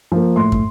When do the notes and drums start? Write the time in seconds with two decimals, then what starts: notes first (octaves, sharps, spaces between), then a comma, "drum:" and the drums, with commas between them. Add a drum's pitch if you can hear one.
0.12 F3 A#3
0.36 A2 C6
0.52 drum: kick